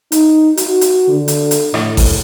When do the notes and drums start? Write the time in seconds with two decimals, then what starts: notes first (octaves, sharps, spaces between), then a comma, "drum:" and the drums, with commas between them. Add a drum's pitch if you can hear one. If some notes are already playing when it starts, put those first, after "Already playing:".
0.12 D#4, drum: hi-hat
0.57 F#4, drum: hi-hat
0.81 drum: hi-hat
1.08 D3
1.28 drum: hi-hat
1.51 drum: hi-hat
1.74 A2, drum: rim click
1.97 drum: kick A1, open hi-hat